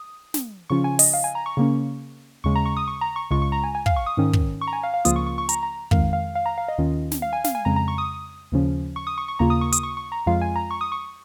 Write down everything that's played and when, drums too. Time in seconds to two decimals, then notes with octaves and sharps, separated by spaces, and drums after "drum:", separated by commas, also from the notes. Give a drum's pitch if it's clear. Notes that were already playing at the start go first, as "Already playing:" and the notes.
Already playing: D#6
0.34 drum: snare
0.70 C#3 F3 C#4 F4 C#6
0.84 G#5
0.99 D#5, drum: open hi-hat
1.14 F5
1.24 G#5
1.35 A#5
1.46 C#6
1.57 C#3 A#3 C#4
2.44 D#2 C#3 G#3 C#6
2.56 A#5
2.66 C#6
2.77 D#6
2.88 C#6
3.01 A#5
3.16 C#6
3.31 C#2 C#3 G#3 F4 C#6
3.42 C#6
3.52 A#5
3.64 G#5
3.75 G#5
3.86 F5, drum: kick
3.96 C#6
4.06 D#6
4.17 G#2 D#3 C#4
4.33 drum: kick
4.61 C#6
4.67 A#5
4.73 G#5
4.83 F5
4.94 F5
5.05 C#2 C#3 F3 A#3 F4 D#6, drum: hi-hat
5.16 C#6
5.27 C#6
5.38 C#6
5.49 A#5, drum: hi-hat
5.63 A#5
5.91 F2 D#3 G#3 F5, drum: kick
6.13 F5
6.35 F5
6.46 A#5
6.58 F5
6.68 D#5
6.78 D#2 D#3 C#4 F4
7.12 drum: snare
7.22 F5
7.33 G#5
7.44 F5, drum: snare
7.55 G#5
7.65 F2 C#3 G#3 A#5
7.76 A#5
7.88 C#6
7.98 D#6
8.52 D#2 C#3 F3 C#4
8.96 C#6
9.07 D#6
9.18 C#6
9.28 C#6
9.39 D#2 C#3 A#3 F4 A#5
9.50 D#6
9.61 C#6
9.72 D#6, drum: hi-hat
9.83 C#6
9.97 C#6
10.12 A#5
10.26 F2 F3 G#3 F4 F5
10.41 G#5
10.56 A#5
10.71 C#6
10.81 D#6
10.92 C#6